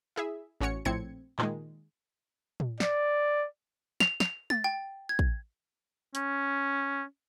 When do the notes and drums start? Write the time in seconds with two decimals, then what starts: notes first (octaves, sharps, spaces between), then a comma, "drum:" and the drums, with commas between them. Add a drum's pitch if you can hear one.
0.16 E4 G#4 E5
0.61 A1 C#4 F#4 C#5 C#7
0.85 A#1 A2 C4 G#6 C#7
1.39 A#2 D#3 G#3, drum: clap
2.60 drum: tom
2.80 D5, drum: snare
4.00 F7, drum: snare
4.20 F7, drum: snare
4.50 A6, drum: tom G#3
4.64 G5
5.09 G#6
5.19 drum: kick
6.15 C#4, drum: hi-hat